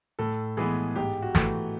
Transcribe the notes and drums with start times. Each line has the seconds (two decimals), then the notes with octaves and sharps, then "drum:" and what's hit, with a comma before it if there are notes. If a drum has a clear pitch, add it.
0.19 A2 A4
0.57 E3 G#3 B3 G#4
0.96 G#2 G4
1.22 F#4
1.35 E3 A3, drum: snare